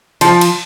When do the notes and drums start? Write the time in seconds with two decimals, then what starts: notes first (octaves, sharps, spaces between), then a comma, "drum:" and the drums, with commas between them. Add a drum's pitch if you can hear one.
0.21 F3, drum: cymbal
0.41 drum: cymbal